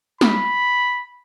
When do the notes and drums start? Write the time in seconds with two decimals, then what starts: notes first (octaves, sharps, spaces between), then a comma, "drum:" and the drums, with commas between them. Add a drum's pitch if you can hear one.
0.21 B5, drum: snare